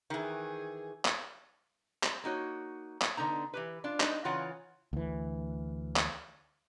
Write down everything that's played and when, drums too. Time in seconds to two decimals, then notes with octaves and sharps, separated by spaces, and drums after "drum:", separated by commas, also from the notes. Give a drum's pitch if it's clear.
0.10 D#3 E3 G#4
1.05 drum: clap
2.03 drum: clap
2.24 A#3 D#4 F#4 C#5
3.02 drum: clap
3.17 D3 B3 D#4 A#5
3.54 E3 G4 B4
3.84 D4 F4
4.00 D#4, drum: clap
4.25 C#3 E3 F4 C#5 F#5 A#5
4.93 D2 E3
5.96 drum: clap